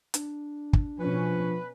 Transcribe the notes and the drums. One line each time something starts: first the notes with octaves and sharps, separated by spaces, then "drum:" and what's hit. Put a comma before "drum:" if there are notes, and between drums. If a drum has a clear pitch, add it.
D4, drum: hi-hat
drum: kick
B2 F3 C#4 B4